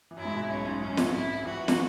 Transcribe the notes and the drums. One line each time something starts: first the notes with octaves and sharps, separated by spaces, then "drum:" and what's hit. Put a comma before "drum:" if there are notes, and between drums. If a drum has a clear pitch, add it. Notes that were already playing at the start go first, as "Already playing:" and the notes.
E3
F#2 F#3 E4
G#2 G#3
B2 B3
B1 B2 C#4
G#2
F#2 C#4
G#2
F#2, drum: snare
G#2
E4
F#3
E2 E3 F#4
drum: snare